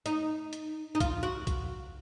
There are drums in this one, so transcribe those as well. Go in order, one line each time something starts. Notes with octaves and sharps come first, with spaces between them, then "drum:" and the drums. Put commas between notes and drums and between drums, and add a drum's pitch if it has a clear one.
D#4, drum: hi-hat
drum: hi-hat
D#4
F4, drum: kick B1, hi-hat
F#4
drum: kick B1, hi-hat